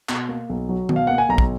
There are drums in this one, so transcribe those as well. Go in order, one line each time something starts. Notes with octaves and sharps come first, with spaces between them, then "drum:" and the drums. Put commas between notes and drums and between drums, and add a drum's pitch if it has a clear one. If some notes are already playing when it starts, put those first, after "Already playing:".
B2, drum: clap
A#3
B1
F#3
B2, drum: tom D#3
F5
A#3 F#5
G#5
B1 A#5
drum: kick